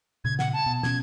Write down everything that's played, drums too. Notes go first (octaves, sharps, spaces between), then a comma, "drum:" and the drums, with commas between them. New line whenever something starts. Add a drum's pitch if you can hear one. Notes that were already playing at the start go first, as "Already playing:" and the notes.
A#2 C#3 G#6
F#5, drum: snare
A5
B2
B2 C#4 G#6, drum: snare